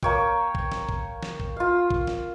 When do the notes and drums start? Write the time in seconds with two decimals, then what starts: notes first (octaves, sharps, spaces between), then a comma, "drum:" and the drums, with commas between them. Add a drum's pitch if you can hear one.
0.03 A#3 C#5 G5, drum: kick
0.55 drum: kick
0.72 drum: snare
0.89 drum: kick
1.23 drum: snare
1.40 drum: kick
1.57 F4 F5
1.90 drum: kick
2.07 drum: snare